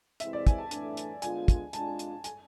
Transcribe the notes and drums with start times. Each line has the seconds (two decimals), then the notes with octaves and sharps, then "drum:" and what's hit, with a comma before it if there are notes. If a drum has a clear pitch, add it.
0.20 C3 E3 G#3 C4 E4 E5, drum: hi-hat
0.33 D5
0.47 G#5, drum: kick, hi-hat
0.58 A5
0.71 A2 E3 A3 D4, drum: hi-hat
0.97 drum: hi-hat
1.22 D3 G#3 B3 F4 G#5, drum: hi-hat
1.48 drum: kick, hi-hat
1.73 G#3 D4 F4 A5, drum: hi-hat
1.99 drum: hi-hat
2.24 G#5, drum: hi-hat